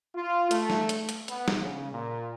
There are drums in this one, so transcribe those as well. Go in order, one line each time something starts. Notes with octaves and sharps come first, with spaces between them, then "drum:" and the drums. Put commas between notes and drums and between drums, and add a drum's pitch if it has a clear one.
F4
A3, drum: hi-hat
drum: snare
drum: hi-hat
drum: hi-hat
B3, drum: hi-hat
drum: snare
C#3
A#2